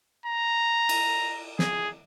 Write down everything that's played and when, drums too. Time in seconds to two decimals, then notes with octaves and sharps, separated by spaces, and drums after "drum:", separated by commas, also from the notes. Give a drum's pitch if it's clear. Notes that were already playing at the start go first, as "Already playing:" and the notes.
0.26 A#5
0.89 drum: cymbal
1.59 G#4, drum: snare